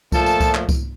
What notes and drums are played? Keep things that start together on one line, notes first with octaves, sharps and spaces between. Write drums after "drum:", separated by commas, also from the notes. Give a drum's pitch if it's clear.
A#2 F3 A3 A4 A5, drum: kick C2, tambourine
drum: tambourine
drum: kick C2, tambourine
drum: clap
drum: kick C2, tambourine